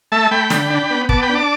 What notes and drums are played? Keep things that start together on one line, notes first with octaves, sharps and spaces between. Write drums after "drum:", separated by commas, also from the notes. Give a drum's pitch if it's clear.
A3 E5 A5
A3 G5 B5
D3, drum: snare
D4
B3
B3 A5 D6, drum: kick
G5 B5
D4
A5 D6